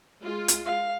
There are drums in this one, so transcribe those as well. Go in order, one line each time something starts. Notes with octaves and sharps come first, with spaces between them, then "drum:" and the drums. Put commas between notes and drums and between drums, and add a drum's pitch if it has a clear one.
G#3 F4
drum: hi-hat
F5